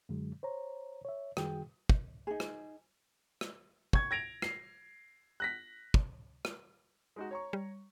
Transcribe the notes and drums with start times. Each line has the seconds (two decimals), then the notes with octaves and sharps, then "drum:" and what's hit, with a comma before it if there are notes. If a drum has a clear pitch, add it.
0.09 F#2 D3 F#3 G#3
0.43 C5 C#5 A#5
1.05 C#5 E5
1.37 F#2 D#3 G3 F#4 G#4 G5, drum: rim click
1.89 drum: kick
2.27 D#4 G#4
2.40 drum: rim click
3.41 drum: rim click
3.93 C#6 G#6, drum: kick
4.11 G#6 A#6 D7 F7
4.42 C7, drum: rim click
5.40 F#6 A#6 B6
5.94 drum: kick
6.45 drum: rim click
7.16 G#3 D#4 F#4
7.31 C#5 A#5 C#6
7.53 G3